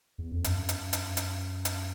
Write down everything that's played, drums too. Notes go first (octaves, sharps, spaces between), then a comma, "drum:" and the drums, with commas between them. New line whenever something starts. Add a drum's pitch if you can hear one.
E2
F2
F#2, drum: hi-hat
drum: hi-hat
drum: hi-hat
drum: hi-hat
drum: hi-hat